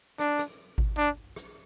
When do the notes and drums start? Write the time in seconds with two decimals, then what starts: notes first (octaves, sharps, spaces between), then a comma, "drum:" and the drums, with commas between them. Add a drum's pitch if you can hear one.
0.19 D4, drum: rim click
0.39 drum: rim click
0.78 drum: kick G#1
0.97 D4
1.36 drum: rim click